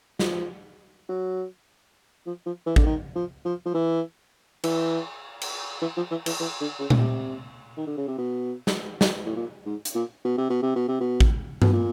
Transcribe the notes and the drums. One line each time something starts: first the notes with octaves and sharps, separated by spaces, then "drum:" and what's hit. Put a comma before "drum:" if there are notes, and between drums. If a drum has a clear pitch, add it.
F3, drum: snare
F#3
F3
F3
E3
D3, drum: kick A1
D#3
F3
F3
F3
E3
E3, drum: cymbal
drum: cymbal
E3
F3
E3
E3, drum: cymbal
E3
D3
C#3
drum: tom A#2
C3
D#3
D3
C#3
C3
B2
drum: snare
drum: snare
A2
A#2
G#2
drum: hi-hat
A#2
B2
C3
B2
C3
B2
C3
B2
drum: kick A1
B2, drum: tom G2
A#2